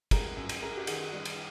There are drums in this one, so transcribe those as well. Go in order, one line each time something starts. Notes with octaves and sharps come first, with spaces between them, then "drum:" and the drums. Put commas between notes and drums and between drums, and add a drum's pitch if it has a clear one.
G3 G#4 A#4, drum: kick, cymbal
F#2
drum: cymbal
F#2 G#4 A#4
G4
D#3 F#4 G#4, drum: cymbal
G3
drum: cymbal